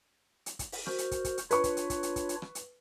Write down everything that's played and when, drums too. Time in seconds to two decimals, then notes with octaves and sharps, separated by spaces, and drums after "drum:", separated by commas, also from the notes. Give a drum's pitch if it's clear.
0.46 drum: hi-hat
0.59 drum: kick, hi-hat
0.72 drum: open hi-hat
0.86 F#4 A#4 C5, drum: rim click
0.98 drum: hi-hat
1.11 drum: kick, hi-hat
1.24 drum: kick, hi-hat
1.38 drum: hi-hat
1.51 D4 F4 B4 C#5 C#6, drum: hi-hat
1.64 drum: kick, hi-hat
1.77 drum: hi-hat
1.90 drum: kick, hi-hat
2.03 drum: hi-hat
2.16 drum: kick, hi-hat
2.29 drum: hi-hat
2.42 drum: rim click
2.55 drum: hi-hat